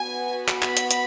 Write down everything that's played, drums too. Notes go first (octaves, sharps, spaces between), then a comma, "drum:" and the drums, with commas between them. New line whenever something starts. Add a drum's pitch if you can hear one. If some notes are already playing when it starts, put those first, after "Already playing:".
Already playing: B3 F#4 G#5
B5, drum: clap
drum: clap
drum: hi-hat
drum: hi-hat